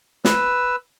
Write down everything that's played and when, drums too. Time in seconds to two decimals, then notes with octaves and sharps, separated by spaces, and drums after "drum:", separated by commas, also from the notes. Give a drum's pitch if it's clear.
0.25 B4 E6, drum: snare